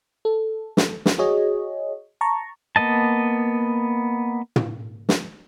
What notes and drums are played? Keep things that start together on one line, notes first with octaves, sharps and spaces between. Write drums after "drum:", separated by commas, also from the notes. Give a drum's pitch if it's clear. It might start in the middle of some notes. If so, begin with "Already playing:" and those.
A4
drum: snare
drum: snare
F#4 G#4 C#5 D#5
A5 A#5 C#6
A#3 B3 D#5 A5
drum: tom
drum: snare